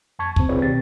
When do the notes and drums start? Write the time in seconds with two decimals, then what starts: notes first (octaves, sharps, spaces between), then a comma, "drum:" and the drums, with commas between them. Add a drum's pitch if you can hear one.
0.19 F2 A5 C#6 G#6
0.36 A#2 C#3 C4, drum: kick
0.49 C4 F4 G#4 B4 C#5 D5
0.62 B2 D#3 C4 G4 A6